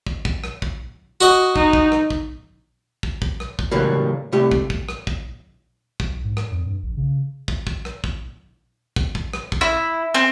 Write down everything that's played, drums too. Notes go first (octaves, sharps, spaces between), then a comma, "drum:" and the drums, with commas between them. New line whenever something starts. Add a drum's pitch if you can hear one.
drum: kick
drum: kick
drum: rim click
drum: kick
F#4 D#5
D#4, drum: kick
drum: kick
drum: rim click
drum: kick
drum: kick
drum: kick
drum: rim click
drum: kick
A2 C#3 E3 F#3 G3 A#3
C2 A3 G4
drum: kick
drum: kick
drum: rim click
drum: kick
B1, drum: kick
G#2
drum: rim click
F2
G2
A#1
C#3
drum: kick
drum: kick
drum: rim click
drum: kick
drum: kick
drum: kick
drum: rim click
drum: kick
E4
C4